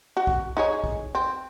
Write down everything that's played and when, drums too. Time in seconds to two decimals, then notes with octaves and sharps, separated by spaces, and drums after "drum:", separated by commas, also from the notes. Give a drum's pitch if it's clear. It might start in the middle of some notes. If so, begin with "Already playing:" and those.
0.17 F#4
0.27 drum: kick
0.57 D#4 G#4 C#5
0.84 drum: kick
1.15 C4